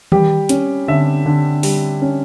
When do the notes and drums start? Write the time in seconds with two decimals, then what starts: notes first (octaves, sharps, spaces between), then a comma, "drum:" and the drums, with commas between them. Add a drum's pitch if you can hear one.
0.12 G3 G4, drum: tom D#3
0.49 C#4, drum: hi-hat
0.88 D3 E5
1.26 D3
1.63 G3, drum: open hi-hat
2.02 C#4